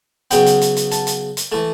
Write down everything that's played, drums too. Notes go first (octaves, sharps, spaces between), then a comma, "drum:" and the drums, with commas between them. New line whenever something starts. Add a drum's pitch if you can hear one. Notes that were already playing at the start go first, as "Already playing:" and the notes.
C#3 F#3 B3 G5, drum: hi-hat
drum: hi-hat
drum: hi-hat
drum: hi-hat
A5, drum: hi-hat
drum: hi-hat
drum: hi-hat
E3 A3 A5